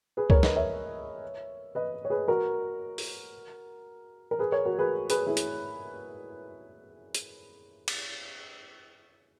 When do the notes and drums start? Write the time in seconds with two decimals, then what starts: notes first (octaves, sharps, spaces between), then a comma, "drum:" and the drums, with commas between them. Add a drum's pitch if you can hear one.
0.17 G#4 B4
0.30 A#4 C#5, drum: kick C#2
0.43 B4 D#5, drum: snare
0.56 C#5 E5
1.75 B4 D#5
2.05 C#5
2.10 G#4 B4
2.28 F#4 A#4
2.98 drum: open hi-hat
4.31 A#4
4.39 G#4 B4
4.52 A#4 C#5
4.65 F#4 A#4
4.78 G#4 B4
5.10 G#4 B4, drum: hi-hat
5.27 E4 G#4
5.37 drum: hi-hat
7.15 drum: hi-hat
7.88 drum: cymbal